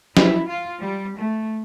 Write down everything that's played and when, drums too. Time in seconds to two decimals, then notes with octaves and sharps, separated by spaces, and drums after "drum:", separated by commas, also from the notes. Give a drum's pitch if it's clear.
0.17 E4, drum: snare
0.49 F4
0.81 G3
1.18 A3